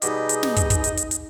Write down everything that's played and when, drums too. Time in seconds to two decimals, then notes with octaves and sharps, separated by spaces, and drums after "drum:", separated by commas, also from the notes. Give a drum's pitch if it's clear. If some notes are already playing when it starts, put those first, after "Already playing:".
0.02 B2 G3 D#4 G#4 D#5, drum: hi-hat
0.29 drum: hi-hat
0.43 drum: snare
0.56 drum: kick, hi-hat
0.70 drum: kick, hi-hat
0.84 drum: hi-hat
0.97 drum: hi-hat
1.11 drum: hi-hat